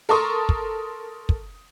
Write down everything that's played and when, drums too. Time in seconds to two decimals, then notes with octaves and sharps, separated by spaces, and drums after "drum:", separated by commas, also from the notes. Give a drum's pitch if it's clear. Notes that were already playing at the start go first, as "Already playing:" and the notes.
0.09 A4 A#4 A5 C6 C#6 D#6
0.49 drum: kick
1.29 drum: kick